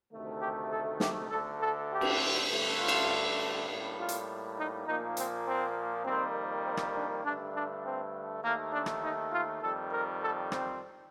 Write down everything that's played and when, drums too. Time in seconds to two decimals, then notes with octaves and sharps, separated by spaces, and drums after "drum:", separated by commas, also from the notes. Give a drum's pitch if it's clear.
0.12 D2 C3 D#3 A3
0.42 G4
0.70 A4
1.00 G4, drum: snare
1.30 D2 D3 A3 A4
1.60 A4
1.90 G4
2.01 drum: cymbal
2.49 G2 D3 A3
2.79 F4
2.88 drum: cymbal
3.67 A2 G3 A#3
3.97 F4
4.09 drum: hi-hat
4.57 D#4
4.86 A#2 F3 A#3 D#4
5.17 C4, drum: hi-hat
5.47 C4
6.05 F2 D#3 G3 A#3 C4
6.65 C4
6.77 drum: rim click
6.95 D4
7.24 G2 D3 A3 D4
7.55 D4
7.84 C4
8.43 D#2 D#3 A3 A#3
8.73 D4
8.86 drum: rim click
9.03 D#4
9.32 F4
9.62 F2 D#3 G3 A4
9.93 A#4
10.22 A4
10.52 C4, drum: rim click